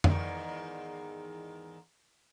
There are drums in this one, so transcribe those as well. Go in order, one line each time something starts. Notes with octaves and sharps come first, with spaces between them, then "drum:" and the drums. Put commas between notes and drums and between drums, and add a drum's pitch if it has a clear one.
E2 G#2 D#3, drum: tom F2